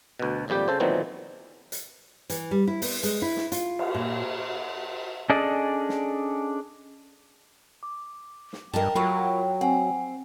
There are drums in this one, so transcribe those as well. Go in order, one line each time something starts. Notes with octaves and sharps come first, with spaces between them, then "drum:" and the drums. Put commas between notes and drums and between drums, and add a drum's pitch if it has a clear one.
D2 B2
G#1 F2 A#2 G3 G4
C#3 A4 C5
A#2 D#3 E3 F#3 B3 C4
drum: hi-hat
E3, drum: hi-hat
G3
E4
B3, drum: open hi-hat
G#3, drum: hi-hat
E4
drum: snare
F4, drum: hi-hat
drum: cymbal
A#2
C#4 D4 G#4 A4 D5 D#5
drum: snare
D6
drum: snare
G2 A#4 D#5 G5 A5
F#3 F4 G4 A#4 B5 C#6 E6
C4 F#5 G#5